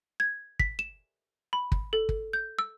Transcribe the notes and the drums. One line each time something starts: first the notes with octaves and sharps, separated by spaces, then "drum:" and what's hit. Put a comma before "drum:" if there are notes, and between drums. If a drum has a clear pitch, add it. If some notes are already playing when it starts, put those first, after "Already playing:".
G#6
B6, drum: kick
E7
B5
drum: kick
A4
drum: kick
G6
E6